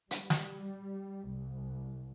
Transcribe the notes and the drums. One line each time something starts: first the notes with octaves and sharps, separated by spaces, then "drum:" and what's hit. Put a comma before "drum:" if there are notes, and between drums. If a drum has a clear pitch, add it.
G3, drum: hi-hat
drum: snare
C2